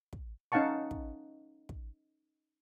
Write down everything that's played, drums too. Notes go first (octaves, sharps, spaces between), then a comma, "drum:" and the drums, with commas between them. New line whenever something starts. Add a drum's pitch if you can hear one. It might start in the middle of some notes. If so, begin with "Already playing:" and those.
drum: kick
C#4 D#4 F5 F#5 A5 C#6
drum: kick
drum: kick